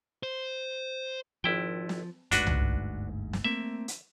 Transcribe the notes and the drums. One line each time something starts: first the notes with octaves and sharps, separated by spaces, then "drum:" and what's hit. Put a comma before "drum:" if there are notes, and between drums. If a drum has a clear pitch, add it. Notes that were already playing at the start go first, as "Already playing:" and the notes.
C5
G#1 F3 E4 G5
drum: snare
G1 D2 G#2 D4 F#4 B4, drum: hi-hat
drum: tom C2
drum: snare
A3 A#3 C4 E5
drum: hi-hat